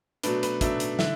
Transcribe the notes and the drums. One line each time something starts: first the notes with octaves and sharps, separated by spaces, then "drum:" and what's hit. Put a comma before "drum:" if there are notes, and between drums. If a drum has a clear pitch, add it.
B2 F#3 A3 D4 B4, drum: hi-hat
B4, drum: hi-hat
B2 F#3 A3 D4 E5, drum: kick, hi-hat
drum: hi-hat
D3 E4, drum: snare